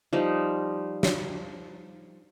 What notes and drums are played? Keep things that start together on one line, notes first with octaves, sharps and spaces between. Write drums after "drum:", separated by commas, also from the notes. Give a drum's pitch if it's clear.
F3 G3 D#4
drum: snare